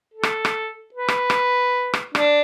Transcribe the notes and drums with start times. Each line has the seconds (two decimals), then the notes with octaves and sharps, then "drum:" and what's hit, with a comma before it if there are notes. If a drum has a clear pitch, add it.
0.14 A4
0.23 drum: rim click
0.45 drum: rim click
0.95 B4
1.08 drum: rim click
1.30 drum: rim click
1.93 drum: rim click
2.15 D4, drum: rim click